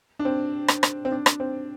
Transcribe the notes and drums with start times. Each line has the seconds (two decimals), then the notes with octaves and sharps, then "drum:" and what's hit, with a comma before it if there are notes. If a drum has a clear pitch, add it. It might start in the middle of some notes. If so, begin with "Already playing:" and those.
0.19 D4
0.25 C4
0.68 drum: rim click
0.83 drum: rim click
1.05 C4
1.12 D4
1.26 drum: rim click
1.40 C4